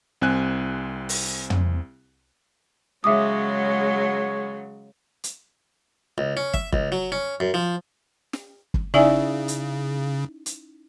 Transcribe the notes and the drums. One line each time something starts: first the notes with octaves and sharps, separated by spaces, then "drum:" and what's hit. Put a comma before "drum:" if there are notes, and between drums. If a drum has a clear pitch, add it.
C2 C4 G#5 F#6
drum: open hi-hat
drum: tom
C#3 F#3 G#3 C#5 E5 D6 D#6
drum: hi-hat
C#2
C#4
E5, drum: kick
C#2, drum: kick
F#3
C#4
F#2
F3
drum: snare
drum: kick
C#3 C#4 D#4 E4 D5 E5 G#5
drum: hi-hat
drum: hi-hat